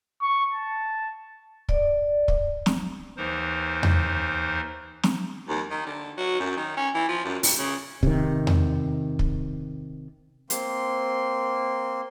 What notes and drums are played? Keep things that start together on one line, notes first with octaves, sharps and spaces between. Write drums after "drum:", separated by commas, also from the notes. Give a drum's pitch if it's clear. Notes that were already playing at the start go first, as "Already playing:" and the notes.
C#6
A5
D5, drum: kick
drum: kick
drum: snare
D#2 E3 D#4 A#4 C5
drum: tom E2
drum: snare
D#2
D#3
D3
F#3
F#2
D#3
C#4
E3
F3
F#2
D2, drum: open hi-hat
C#3
C3 D#3, drum: kick
drum: tom E2
drum: kick
A#3 C4 C6, drum: hi-hat